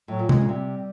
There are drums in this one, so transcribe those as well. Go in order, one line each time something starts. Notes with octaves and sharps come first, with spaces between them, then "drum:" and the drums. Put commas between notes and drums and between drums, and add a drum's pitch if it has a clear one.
A2 F#3
A#2
G#3, drum: tom
C#3
C3 G3